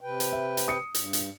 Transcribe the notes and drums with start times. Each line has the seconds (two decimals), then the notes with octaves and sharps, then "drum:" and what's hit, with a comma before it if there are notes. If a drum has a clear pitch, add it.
0.01 C3 B4 G5
0.20 drum: hi-hat
0.32 E5
0.57 drum: hi-hat
0.68 D#6 C#7
0.94 G2, drum: hi-hat
1.13 drum: hi-hat